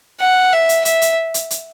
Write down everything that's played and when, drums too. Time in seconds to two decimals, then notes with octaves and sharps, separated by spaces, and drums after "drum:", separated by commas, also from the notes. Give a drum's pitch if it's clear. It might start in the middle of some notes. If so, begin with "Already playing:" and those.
0.20 F#5
0.53 E5
0.69 drum: hi-hat
0.85 E5, drum: hi-hat
1.02 drum: hi-hat
1.34 drum: hi-hat
1.51 drum: hi-hat